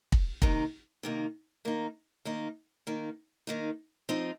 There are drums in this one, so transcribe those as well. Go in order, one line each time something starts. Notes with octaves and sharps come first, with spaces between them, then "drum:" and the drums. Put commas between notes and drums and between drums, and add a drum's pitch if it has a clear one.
drum: kick
C3 D#3 A#3 D#4, drum: kick
C3 D#3 A#3 D#4
D#3 A#3 D#4
D#3 A#3 D#4
D#3 A#3 D#4
D#3 A#3 D#4
F3 C4 D#4